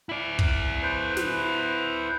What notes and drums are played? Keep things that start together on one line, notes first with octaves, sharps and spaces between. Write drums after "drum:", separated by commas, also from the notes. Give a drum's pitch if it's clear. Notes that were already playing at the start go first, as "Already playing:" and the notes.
E4 D5
drum: kick
B4 C5
drum: snare